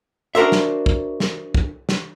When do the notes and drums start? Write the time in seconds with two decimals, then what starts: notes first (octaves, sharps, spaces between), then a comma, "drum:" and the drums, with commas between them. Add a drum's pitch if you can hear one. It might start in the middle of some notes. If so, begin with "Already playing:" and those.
0.35 D4 F#4 A#4 C5 E5
0.52 drum: snare
0.86 drum: kick
1.20 drum: snare
1.55 drum: kick
1.89 drum: snare